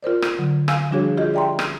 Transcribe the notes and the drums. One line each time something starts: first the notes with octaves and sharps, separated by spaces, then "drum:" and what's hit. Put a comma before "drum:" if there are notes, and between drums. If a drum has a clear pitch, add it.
F4 A#4 C5 D5
drum: rim click
D3 F#3
F5 G#5 E6, drum: rim click
F3 G3 D4 F#4 G#4 C#5
F4 G4 G#4 D#5
D5 E5 G5 A#5 C6
drum: rim click